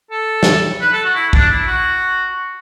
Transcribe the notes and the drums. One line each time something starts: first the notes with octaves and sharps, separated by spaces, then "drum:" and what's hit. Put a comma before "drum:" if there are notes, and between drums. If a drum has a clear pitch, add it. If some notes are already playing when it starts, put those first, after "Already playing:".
A4
drum: snare
B4
A4
F#4
E4
D4, drum: kick
E4
F#4